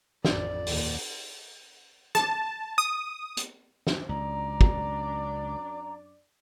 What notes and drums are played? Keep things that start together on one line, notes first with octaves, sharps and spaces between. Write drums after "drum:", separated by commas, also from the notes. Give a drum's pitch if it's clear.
A1 F2 D5, drum: snare
D#2 A#2, drum: open hi-hat
A5, drum: rim click
D#6
drum: hi-hat
drum: snare
C#2 F#2 D4 D5 A#5
drum: kick